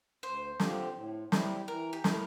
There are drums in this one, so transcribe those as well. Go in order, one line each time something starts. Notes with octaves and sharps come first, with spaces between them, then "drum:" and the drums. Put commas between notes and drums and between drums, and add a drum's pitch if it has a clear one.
D2 C5
D3 F3 C4 G4, drum: snare
A2
G3 C4 E4 G4, drum: snare
E3 A#4
G4
A3 E4 A#4, drum: snare